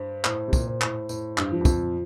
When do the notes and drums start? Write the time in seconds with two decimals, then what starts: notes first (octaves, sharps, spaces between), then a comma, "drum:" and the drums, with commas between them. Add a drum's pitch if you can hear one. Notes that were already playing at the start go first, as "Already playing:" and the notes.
Already playing: G2 C5
0.24 A2 C5, drum: clap
0.48 C3
0.53 A#2, drum: kick, tambourine
0.67 C5
0.81 A2, drum: clap
1.09 A2 C5, drum: tambourine
1.38 G2, drum: clap
1.51 F3
1.61 G2
1.65 F2, drum: kick, tambourine